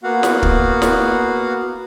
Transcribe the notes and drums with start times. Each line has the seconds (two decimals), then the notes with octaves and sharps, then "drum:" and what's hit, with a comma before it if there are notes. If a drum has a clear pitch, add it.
0.03 A#3 B3 F#4 F5 F#5
0.23 drum: snare
0.43 drum: kick
0.82 drum: snare